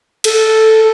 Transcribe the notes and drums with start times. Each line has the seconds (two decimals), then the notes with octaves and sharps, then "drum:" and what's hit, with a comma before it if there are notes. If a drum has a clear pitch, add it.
0.24 A4, drum: cymbal